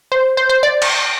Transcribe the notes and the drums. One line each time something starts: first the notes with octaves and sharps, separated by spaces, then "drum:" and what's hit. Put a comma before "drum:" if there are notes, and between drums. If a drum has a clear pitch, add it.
C5
C5
C5
D5
drum: cymbal